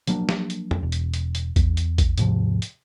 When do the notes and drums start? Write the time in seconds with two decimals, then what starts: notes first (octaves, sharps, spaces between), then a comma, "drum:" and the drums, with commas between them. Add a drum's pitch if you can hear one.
0.07 F3 F#3 A#3 D4, drum: hi-hat
0.29 drum: snare
0.50 drum: hi-hat
0.71 drum: tom
0.83 E1
0.92 drum: hi-hat
1.14 drum: hi-hat
1.35 drum: hi-hat
1.56 E2, drum: kick A1, hi-hat
1.77 drum: hi-hat
1.98 drum: kick A1, hi-hat
2.18 D#2 G#2 C3 F3, drum: hi-hat
2.62 drum: hi-hat